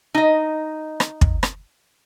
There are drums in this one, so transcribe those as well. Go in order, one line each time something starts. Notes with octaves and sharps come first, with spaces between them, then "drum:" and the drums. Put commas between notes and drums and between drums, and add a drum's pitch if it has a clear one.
D#4 D#5
drum: rim click
drum: kick
drum: rim click